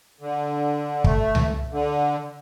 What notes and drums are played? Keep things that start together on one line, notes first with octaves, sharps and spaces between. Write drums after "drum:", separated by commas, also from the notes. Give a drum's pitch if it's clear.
D3
A3, drum: kick
drum: tom C#2
D3